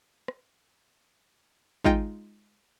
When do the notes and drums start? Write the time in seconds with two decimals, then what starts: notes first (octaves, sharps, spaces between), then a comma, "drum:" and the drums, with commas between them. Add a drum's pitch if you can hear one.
0.28 drum: rim click
1.84 G#3 D#4 F4 D#5 G5, drum: kick